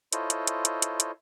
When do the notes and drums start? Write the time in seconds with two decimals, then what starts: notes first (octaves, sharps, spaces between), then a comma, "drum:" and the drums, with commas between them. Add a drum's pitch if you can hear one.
0.13 E4 F4 A4 C5 C#5 D#5, drum: hi-hat
0.30 drum: hi-hat
0.47 drum: hi-hat
0.65 drum: hi-hat
0.82 drum: hi-hat
1.00 drum: hi-hat